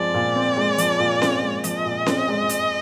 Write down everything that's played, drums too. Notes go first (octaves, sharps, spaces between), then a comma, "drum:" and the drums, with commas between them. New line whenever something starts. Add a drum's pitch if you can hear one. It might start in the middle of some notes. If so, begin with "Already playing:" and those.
Already playing: F3 G#3 C4 D5
A#2
C4
G#3
F3, drum: hi-hat
A#2
C4, drum: snare C#4
G#3
F3 D#5, drum: hi-hat
A#2
C4, drum: snare C#4
G#3
drum: hi-hat